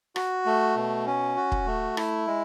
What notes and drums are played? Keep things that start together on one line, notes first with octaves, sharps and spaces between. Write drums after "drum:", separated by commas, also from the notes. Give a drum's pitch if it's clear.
F#4, drum: rim click
A3
B2
C#4
F#4
drum: kick
A3
E4, drum: rim click
G#3